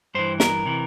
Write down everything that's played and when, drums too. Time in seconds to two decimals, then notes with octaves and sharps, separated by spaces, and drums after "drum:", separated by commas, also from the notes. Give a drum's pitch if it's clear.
0.15 G2 E3 C5
0.40 A#4, drum: snare
0.65 C3 E3